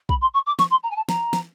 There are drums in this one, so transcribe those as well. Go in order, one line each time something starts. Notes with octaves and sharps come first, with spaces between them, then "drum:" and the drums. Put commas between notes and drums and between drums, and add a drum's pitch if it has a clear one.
B5, drum: kick
C6
C#6
D6
C#6, drum: snare
C6
A#5
G#5
A5
A#5, drum: snare
drum: snare